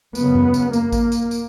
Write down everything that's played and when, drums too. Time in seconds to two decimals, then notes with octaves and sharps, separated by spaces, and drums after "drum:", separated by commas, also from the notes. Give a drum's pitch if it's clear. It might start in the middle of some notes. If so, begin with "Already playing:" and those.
0.15 F#2 C#3 B3, drum: tambourine
0.35 drum: tom F#2
0.54 drum: tambourine
0.73 A#3, drum: tambourine
0.92 drum: kick A1, tambourine
1.12 drum: tambourine
1.31 drum: tambourine